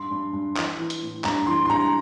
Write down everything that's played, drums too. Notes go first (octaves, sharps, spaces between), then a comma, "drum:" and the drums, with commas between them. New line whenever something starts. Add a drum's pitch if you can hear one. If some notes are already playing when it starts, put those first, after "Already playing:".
Already playing: G2 C6
G2
G2
E3, drum: clap
E3
drum: hi-hat
A2
G2 A#5, drum: clap
E3 C6
C6
G2 A#5